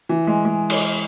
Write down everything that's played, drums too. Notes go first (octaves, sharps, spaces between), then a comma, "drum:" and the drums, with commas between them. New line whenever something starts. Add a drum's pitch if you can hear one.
E3
G#3
G#3
drum: cymbal